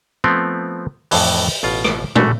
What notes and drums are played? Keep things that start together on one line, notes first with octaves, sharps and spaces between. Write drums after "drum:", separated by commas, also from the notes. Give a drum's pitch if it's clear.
F3 A3 B3 C4
F2 A2 E3, drum: open hi-hat
A1 B2 F4
drum: rim click
E3 A3 F#4, drum: tom A#2